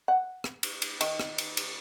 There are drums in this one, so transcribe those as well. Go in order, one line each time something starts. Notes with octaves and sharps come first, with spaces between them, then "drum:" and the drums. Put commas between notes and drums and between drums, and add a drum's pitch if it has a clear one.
F#5
drum: rim click
drum: cymbal
drum: cymbal
D#3, drum: cymbal
drum: rim click
drum: cymbal
drum: cymbal